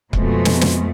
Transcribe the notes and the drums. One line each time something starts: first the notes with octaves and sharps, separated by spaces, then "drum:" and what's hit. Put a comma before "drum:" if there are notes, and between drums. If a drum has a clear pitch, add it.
F2 B2 F3 G#3 A3, drum: kick C#1
drum: snare
drum: snare